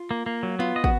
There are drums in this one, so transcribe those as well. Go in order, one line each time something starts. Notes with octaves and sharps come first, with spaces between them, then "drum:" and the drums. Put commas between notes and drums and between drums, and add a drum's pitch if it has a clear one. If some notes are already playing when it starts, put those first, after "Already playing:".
Already playing: F4
A#3
A#3
F#3
B3 F4
D#5
F#4, drum: kick